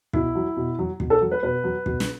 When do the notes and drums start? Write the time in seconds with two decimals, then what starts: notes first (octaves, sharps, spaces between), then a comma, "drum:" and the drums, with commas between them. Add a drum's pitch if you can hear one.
0.13 B2 E4, drum: kick
0.35 F#3
0.57 B2
0.79 F#3
1.00 B2, drum: kick
1.10 A4
1.21 F#3
1.31 B4
1.43 B2 B4
1.64 F#3
1.86 B2, drum: kick
2.00 drum: snare